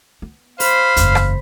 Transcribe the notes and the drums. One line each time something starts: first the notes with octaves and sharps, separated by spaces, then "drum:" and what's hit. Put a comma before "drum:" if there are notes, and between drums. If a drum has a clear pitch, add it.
B3
C5 F5 B5, drum: open hi-hat
F#1 E2, drum: hi-hat
drum: rim click